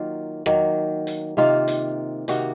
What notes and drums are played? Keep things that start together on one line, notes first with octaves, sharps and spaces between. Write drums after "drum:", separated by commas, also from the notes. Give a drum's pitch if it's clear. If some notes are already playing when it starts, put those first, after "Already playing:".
Already playing: D#3 F#3 A#3 F4
D#3 F#3 A#3, drum: rim click
drum: hi-hat
C3 D#3 A#3 D#4 F4
drum: hi-hat
C3 D#3 A#3 D#4 F#4, drum: hi-hat